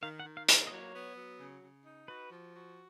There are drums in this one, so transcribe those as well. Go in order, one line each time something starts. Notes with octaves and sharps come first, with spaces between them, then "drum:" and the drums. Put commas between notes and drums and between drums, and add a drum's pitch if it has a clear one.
D#3 F5
F#5
D#3
F5
A#3, drum: hi-hat
F5
D#5
F#3 C#5
B3
F#3
C#3
C#3
D#4
F#4 B4
F3
F#4